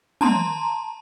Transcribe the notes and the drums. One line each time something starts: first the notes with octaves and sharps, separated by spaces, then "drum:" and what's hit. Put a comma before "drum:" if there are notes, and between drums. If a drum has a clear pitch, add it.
A5 A#5 C6, drum: tom